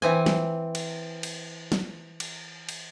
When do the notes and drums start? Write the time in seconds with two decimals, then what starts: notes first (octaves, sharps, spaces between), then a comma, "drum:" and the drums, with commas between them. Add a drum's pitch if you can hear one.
0.02 E3 C4 G#5
0.26 drum: snare
0.75 drum: cymbal
1.23 drum: cymbal
1.72 drum: snare
2.20 drum: cymbal
2.69 drum: cymbal